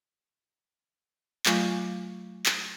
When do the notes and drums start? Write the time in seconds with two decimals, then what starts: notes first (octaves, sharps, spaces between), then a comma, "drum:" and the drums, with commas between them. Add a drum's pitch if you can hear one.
1.46 F#3 A3 F4 F5 G#5 C#6, drum: clap
2.46 drum: clap